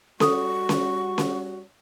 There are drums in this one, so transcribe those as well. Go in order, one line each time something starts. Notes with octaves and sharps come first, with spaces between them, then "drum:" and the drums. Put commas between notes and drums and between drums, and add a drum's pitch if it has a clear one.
G3 F#4 A4 C#6 D#6, drum: snare C#4
drum: snare C#4
drum: snare C#4